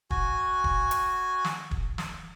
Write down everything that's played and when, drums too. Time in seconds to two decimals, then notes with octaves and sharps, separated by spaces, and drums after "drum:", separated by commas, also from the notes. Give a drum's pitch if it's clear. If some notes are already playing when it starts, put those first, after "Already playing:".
0.11 F#4 G#5, drum: kick
0.64 drum: kick
0.91 drum: hi-hat
1.44 drum: snare
1.71 drum: kick
1.98 drum: snare